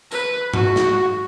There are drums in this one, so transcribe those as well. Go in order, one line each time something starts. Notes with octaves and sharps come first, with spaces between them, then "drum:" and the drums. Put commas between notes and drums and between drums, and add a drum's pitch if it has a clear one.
B4, drum: tambourine
F#4, drum: tom G#2
drum: snare